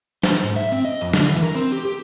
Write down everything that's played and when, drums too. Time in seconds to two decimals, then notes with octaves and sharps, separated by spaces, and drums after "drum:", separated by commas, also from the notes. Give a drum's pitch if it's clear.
0.23 C5, drum: snare
0.43 G#2
0.56 E5
0.72 C4
0.85 D#5
1.01 F2
1.13 D3, drum: snare
1.29 E3
1.42 A#4
1.55 C4
1.72 G4
1.85 G4